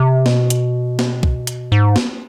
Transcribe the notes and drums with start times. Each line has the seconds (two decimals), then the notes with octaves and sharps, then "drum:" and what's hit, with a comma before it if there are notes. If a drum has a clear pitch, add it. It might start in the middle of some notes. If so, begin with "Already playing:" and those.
Already playing: C3
0.26 B2, drum: snare
0.50 drum: hi-hat
0.99 drum: snare
1.23 drum: kick C2
1.47 drum: hi-hat
1.72 G#2
1.96 drum: snare